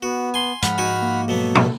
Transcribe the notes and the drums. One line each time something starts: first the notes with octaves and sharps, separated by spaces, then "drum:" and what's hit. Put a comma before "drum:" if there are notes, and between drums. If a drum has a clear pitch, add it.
B3 F#4
G#5 C6
G#2 F3 G#3 F#5 B5 F6, drum: hi-hat
D#4 F#4 G#5
A#3
B2 F#3 B3 A4
drum: tom